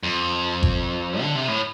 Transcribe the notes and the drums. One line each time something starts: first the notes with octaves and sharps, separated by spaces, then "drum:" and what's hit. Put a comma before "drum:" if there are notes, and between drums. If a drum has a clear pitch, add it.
F2
drum: kick G1
D3
C3
A2